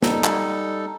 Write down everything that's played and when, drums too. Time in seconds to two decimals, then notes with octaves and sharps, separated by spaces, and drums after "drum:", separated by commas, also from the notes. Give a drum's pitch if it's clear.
0.02 G3 D#4 A4, drum: snare
0.24 drum: clap